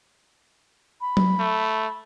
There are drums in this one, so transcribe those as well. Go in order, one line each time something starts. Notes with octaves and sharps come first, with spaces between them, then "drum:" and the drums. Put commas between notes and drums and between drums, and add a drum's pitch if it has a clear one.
B5
drum: tom F#3
A3